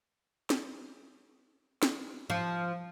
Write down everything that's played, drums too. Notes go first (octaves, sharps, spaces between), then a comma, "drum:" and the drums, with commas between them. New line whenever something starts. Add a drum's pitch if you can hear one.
drum: snare
drum: snare
F3